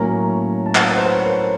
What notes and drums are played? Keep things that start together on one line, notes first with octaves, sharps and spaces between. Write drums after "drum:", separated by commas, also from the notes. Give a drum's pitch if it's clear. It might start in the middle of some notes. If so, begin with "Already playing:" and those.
Already playing: A2 F#3 A#3 C#4 A#5
A5
F#5, drum: clap
B4 F#5
C5
B4
C#5
A#4